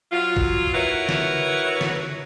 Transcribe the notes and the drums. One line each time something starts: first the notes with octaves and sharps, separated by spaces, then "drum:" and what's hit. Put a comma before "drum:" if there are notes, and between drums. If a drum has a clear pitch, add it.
F#3 F4
drum: kick
E4 F#4 A#4 B4 C#5
drum: snare
drum: snare